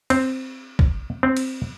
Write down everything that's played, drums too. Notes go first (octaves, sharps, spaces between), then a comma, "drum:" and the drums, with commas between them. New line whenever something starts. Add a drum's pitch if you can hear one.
C4, drum: cymbal
drum: kick
C4
drum: cymbal